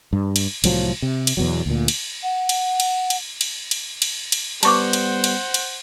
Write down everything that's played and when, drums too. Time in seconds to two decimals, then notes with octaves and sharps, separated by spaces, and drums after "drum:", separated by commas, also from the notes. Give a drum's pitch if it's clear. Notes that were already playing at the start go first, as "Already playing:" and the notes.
0.13 G2
0.36 drum: cymbal
0.64 C2 A2 F3 F#3, drum: cymbal
1.02 C3
1.27 drum: cymbal
1.37 E2 B2 F#3
1.66 D2 A#2
1.88 drum: cymbal
2.23 F#5
2.49 drum: cymbal
2.80 drum: cymbal
3.10 drum: cymbal
3.41 drum: cymbal
3.71 drum: cymbal
4.02 drum: cymbal
4.32 drum: cymbal
4.63 G3 B3 C5 F#5 A5 C#6 D6, drum: cymbal
4.93 drum: cymbal
5.24 drum: cymbal
5.54 drum: cymbal